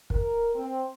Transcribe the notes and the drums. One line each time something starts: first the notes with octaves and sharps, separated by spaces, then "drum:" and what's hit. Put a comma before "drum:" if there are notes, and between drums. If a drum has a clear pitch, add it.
A#4, drum: kick
C4